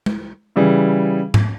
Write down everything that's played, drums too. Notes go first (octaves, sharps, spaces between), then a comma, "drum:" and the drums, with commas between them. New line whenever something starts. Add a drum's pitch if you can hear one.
drum: tom G#3
C#3 E3 G3 G#4
drum: tom G#2